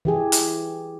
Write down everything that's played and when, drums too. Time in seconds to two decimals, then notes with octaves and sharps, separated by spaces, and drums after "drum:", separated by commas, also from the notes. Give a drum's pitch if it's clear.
0.05 E3 G4 G#4
0.32 drum: hi-hat